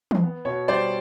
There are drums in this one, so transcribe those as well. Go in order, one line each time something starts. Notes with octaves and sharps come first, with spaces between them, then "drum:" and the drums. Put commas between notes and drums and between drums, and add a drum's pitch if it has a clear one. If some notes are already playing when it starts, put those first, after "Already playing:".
drum: tom E3
B3
B2 C#5
G3 C5 D5